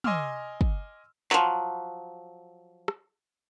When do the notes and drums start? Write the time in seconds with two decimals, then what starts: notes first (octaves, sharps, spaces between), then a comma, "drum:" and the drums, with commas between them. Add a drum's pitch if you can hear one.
0.04 D#5 G#5 C6 D6 E6 F6, drum: tom
0.61 drum: kick
1.31 F3 F#3, drum: clap
2.88 drum: rim click